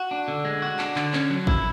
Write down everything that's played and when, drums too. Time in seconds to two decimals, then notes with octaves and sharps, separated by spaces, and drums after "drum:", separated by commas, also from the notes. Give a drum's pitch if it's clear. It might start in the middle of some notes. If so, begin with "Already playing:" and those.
Already playing: F#4
0.11 D4
0.28 D3
0.45 G#3
0.62 F#4
0.79 D4, drum: clap
0.96 D3, drum: clap
1.13 C#4, drum: clap
1.30 F#3
1.47 E4, drum: kick G#1